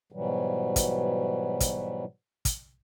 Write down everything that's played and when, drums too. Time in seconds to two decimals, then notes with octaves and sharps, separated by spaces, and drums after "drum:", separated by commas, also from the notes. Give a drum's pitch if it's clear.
0.12 G#2 B2 E3 F#3 G3
0.76 drum: kick, hi-hat
1.60 drum: kick, hi-hat
2.45 drum: kick, hi-hat